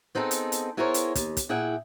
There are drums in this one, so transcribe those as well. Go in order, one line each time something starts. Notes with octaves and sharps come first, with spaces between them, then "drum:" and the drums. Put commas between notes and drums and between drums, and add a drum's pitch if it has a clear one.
B3 C4 D#4 G#4 A4
drum: hi-hat
drum: hi-hat
B3 E4 G#4 A#4 C5 C#5
drum: hi-hat
D#2, drum: kick, hi-hat
drum: kick, hi-hat
A#2 E4 G#4 F#5 G5